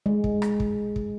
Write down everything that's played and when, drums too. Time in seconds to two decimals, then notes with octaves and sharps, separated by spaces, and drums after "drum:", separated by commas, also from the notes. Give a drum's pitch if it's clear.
0.06 G#3
0.24 drum: kick
0.42 drum: rim click
0.60 drum: kick
0.96 drum: kick